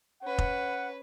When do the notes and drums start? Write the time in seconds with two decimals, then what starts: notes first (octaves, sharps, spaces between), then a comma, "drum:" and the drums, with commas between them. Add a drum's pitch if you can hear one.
0.22 C#4 B4 F#5
0.38 drum: kick F1